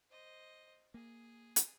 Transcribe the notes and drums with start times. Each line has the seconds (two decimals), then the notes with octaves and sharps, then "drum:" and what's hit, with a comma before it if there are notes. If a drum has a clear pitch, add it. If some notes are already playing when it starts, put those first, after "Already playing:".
0.10 C5 D#5
0.94 A#3 G#4
1.56 drum: hi-hat